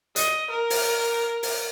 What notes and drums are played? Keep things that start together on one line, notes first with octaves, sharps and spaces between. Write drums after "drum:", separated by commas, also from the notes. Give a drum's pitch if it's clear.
D#5, drum: hi-hat
A#4
drum: open hi-hat
drum: open hi-hat